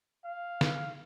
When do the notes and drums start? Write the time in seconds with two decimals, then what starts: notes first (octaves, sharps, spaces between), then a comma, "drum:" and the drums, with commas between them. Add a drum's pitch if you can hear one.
0.25 F5
0.61 drum: snare